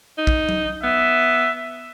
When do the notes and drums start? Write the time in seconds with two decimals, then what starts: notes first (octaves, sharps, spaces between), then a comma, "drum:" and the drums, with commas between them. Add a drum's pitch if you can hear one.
0.18 D#4
0.27 drum: kick A#1
0.49 drum: tom F#3
0.83 B3 E5